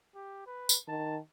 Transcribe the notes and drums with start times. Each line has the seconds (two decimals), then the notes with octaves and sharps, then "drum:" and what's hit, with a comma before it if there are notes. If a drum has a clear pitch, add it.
0.15 G4
0.46 B4
0.69 drum: tambourine
0.88 D#3 A5